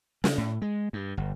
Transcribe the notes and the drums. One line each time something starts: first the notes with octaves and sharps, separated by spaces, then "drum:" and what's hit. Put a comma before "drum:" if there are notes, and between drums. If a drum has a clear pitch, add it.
C#3, drum: snare
A2
G#3
G2
G1